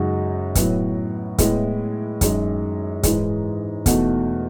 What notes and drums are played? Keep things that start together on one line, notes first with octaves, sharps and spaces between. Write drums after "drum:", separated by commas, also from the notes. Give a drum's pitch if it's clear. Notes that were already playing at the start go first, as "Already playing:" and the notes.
Already playing: F#2 C#3 G#3 D#4 F#4
A2 F#3 B3, drum: kick, hi-hat
A2 G#3 B3 E4, drum: kick, hi-hat
F#2 D#3 G#3, drum: kick, hi-hat
G#2 E3 G#3, drum: kick, hi-hat
E2 B2 A3 D#4 F#4, drum: kick, hi-hat